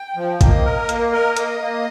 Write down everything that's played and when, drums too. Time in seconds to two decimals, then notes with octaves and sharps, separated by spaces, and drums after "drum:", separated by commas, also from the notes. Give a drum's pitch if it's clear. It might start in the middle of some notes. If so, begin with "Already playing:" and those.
Already playing: G5
0.16 F3
0.41 A#3 D#5, drum: kick G#1, hi-hat
0.64 A#4
0.89 A#3, drum: hi-hat
1.12 A#4 D#5
1.37 A#3, drum: hi-hat
1.61 A#3